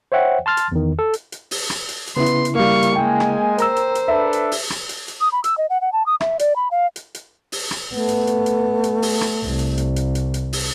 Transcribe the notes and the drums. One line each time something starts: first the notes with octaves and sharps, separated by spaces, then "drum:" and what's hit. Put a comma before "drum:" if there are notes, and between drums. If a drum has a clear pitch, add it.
C5 C#5 E5 F#5 G5
A5 C6 F6 A6
drum: hi-hat
E2 D#3
A4
drum: hi-hat
drum: hi-hat
drum: open hi-hat
drum: rim click
drum: hi-hat
drum: hi-hat
C#3 B3 E4 C6
drum: hi-hat
drum: hi-hat
G3 A#3 F5 C#6
drum: hi-hat
G#3 A#3 G5 G#5
drum: rim click
A#4 C5 A#5 E6, drum: hi-hat
drum: hi-hat
drum: hi-hat
D4 A4 B4 E5
drum: hi-hat
drum: open hi-hat
drum: rim click
drum: hi-hat
drum: hi-hat
D#6
B5
E6, drum: hi-hat
D#5
F#5
F#5
A5
D#6
E5, drum: rim click
D5, drum: hi-hat
B5
F5
drum: hi-hat
drum: hi-hat
drum: open hi-hat
drum: rim click
A3 B3
drum: hi-hat
drum: hi-hat
drum: hi-hat
drum: hi-hat
drum: open hi-hat
drum: rim click
C2
drum: hi-hat
drum: hi-hat
drum: hi-hat
drum: hi-hat
drum: hi-hat
drum: open hi-hat